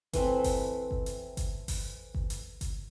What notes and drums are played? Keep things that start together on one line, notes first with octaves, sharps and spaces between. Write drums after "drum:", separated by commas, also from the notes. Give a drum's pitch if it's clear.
E3 A3 C4, drum: kick G1, hi-hat
drum: kick G1, open hi-hat
drum: kick G1
drum: hi-hat
drum: kick G1, hi-hat
drum: kick G1, open hi-hat
drum: kick G1
drum: hi-hat
drum: kick G1, hi-hat